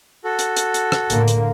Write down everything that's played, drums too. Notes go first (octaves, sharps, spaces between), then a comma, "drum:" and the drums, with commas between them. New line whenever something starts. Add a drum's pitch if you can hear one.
F#4 A4
drum: hi-hat
drum: hi-hat
drum: hi-hat
drum: rim click
A2 D3 A#3, drum: hi-hat
drum: hi-hat